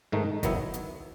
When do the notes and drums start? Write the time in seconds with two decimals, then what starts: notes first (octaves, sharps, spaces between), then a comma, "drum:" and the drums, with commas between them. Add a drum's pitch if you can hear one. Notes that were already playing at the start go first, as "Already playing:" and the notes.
0.12 G#2 D#3 A3 D#4
0.43 D#3 F#3 B3 E4, drum: kick, hi-hat
0.74 drum: hi-hat